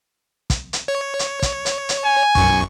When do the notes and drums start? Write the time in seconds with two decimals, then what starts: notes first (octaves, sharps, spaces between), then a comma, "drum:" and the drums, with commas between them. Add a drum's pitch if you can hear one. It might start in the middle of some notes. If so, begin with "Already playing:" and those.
0.50 drum: kick, hi-hat
0.73 drum: hi-hat
0.88 C#5
1.19 drum: hi-hat
1.42 drum: kick, hi-hat
1.66 drum: hi-hat
1.89 drum: hi-hat
2.05 G#5
2.35 B1 F#2 C#6, drum: kick